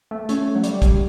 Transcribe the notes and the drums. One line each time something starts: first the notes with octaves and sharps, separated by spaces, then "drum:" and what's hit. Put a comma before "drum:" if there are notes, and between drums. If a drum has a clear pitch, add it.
A3
A3 C#4, drum: hi-hat
F#3
G3, drum: hi-hat
drum: kick, hi-hat